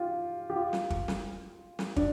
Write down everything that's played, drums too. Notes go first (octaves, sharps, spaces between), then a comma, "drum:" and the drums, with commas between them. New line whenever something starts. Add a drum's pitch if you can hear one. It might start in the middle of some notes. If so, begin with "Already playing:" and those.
Already playing: F4 G4
G4
F4
drum: snare
drum: kick
drum: snare
drum: snare
D4, drum: kick